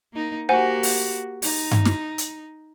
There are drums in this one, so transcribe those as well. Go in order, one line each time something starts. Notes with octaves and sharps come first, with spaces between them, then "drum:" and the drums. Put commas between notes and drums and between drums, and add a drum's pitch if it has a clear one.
A#3 D#4
A#3 F#4 G4 C5 F#5 G#5
drum: open hi-hat
D#4, drum: open hi-hat
drum: tom G2
drum: snare
drum: hi-hat